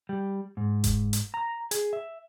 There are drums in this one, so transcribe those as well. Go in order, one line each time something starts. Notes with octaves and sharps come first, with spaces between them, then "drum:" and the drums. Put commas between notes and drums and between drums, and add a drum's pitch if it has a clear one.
G3
G#2
drum: kick F1, hi-hat
drum: hi-hat
A#5
G#4, drum: hi-hat
E5